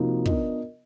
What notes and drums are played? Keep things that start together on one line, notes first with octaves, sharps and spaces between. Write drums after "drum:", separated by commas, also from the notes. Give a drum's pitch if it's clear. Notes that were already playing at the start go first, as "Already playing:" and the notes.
Already playing: C3 F3 A#3 D#4 F#4
B3 D4 F4 A#4 D#5, drum: kick